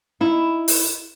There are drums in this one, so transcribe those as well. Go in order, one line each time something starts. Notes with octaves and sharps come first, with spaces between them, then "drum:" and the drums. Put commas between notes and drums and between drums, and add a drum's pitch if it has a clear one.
D#4 E4
drum: open hi-hat